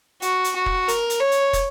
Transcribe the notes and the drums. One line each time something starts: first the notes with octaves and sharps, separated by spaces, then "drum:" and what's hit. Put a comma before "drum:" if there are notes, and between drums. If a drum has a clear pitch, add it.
F#4, drum: hi-hat
drum: hi-hat
F#4
drum: kick
A#4, drum: hi-hat
drum: hi-hat
C#5
drum: hi-hat
drum: kick, hi-hat